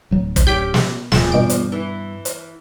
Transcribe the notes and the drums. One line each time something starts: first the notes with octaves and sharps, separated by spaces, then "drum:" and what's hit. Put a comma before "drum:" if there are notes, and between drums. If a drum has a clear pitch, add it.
D1 F#3
drum: kick, hi-hat
C#4 G4 G6 B6 D7
drum: snare
D1 E2 A#2 F3 E7, drum: snare
G2 B2 B3 D7
drum: hi-hat
E3
drum: hi-hat